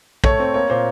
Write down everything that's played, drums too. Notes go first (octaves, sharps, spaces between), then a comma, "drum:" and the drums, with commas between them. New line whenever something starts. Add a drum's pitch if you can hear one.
A3 C#5, drum: kick
C4
A#3 C#5
A#2 C5